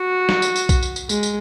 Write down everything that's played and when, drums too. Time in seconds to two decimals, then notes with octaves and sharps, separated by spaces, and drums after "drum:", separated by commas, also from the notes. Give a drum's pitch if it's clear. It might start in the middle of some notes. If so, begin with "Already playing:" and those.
Already playing: F#4
0.29 drum: snare
0.42 drum: tambourine
0.56 drum: tambourine
0.69 drum: kick B1, tambourine
0.83 drum: tambourine
0.96 drum: tambourine
1.09 G#3, drum: tambourine
1.23 drum: tambourine